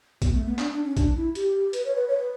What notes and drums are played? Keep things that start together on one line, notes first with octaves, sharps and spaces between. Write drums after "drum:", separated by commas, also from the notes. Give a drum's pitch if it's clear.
B3, drum: kick A#1, hi-hat
A3
B3
D4, drum: clap
D4
C#4
D4, drum: kick A#1, hi-hat
E4
G4, drum: hi-hat
B4, drum: hi-hat
C#5
B4
C#5
B4